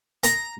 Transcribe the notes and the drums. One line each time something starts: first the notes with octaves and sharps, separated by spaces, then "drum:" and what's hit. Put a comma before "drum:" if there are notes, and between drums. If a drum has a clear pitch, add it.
A#5, drum: hi-hat